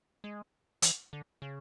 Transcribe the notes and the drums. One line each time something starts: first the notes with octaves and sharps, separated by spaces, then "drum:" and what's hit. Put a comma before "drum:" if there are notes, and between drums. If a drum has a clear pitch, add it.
G#3
E3, drum: hi-hat
D3
C#3